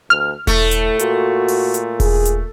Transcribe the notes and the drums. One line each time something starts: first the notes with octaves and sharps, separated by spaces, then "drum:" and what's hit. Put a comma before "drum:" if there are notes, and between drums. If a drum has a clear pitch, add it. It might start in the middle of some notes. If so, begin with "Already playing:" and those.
D2 F6
A2 A3, drum: kick E1, open hi-hat
drum: hi-hat
A#2 F#4, drum: hi-hat
drum: open hi-hat
drum: hi-hat
G#4, drum: kick E1, open hi-hat
drum: hi-hat